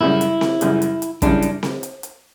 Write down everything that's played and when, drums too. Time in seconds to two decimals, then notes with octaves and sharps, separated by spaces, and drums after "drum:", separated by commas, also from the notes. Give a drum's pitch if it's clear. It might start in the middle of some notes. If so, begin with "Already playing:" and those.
0.01 F#2 C#3 E3 G3 C#4 E4
0.21 drum: hi-hat
0.41 drum: snare C4
0.61 F#2 C#3 E3 G3 C#4, drum: hi-hat
0.82 drum: hi-hat
1.02 drum: hi-hat
1.22 F#2 C#3 E3 G3 C#4 D4, drum: kick, hi-hat
1.42 drum: hi-hat
1.63 drum: snare C4
1.83 drum: hi-hat
2.03 drum: hi-hat